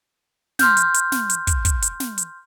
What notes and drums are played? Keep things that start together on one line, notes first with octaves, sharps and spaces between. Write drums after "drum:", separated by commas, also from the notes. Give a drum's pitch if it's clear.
C6 F6 G6, drum: snare
drum: hi-hat
drum: hi-hat
drum: snare
drum: hi-hat
drum: kick, hi-hat
drum: kick, hi-hat
drum: hi-hat
drum: snare
drum: hi-hat